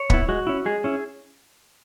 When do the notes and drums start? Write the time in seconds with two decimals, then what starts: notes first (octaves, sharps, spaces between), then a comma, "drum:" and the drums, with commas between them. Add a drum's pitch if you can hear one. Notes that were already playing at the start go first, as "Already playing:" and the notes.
Already playing: C#5
0.10 B3 E4, drum: kick
0.29 G#3 F#4
0.47 C#4 E4
0.66 G#3 G#4
0.84 C#4 E4